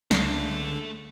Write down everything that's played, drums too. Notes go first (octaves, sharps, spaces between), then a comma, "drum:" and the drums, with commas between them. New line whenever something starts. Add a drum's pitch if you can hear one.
C#2 D3 A3 A4, drum: snare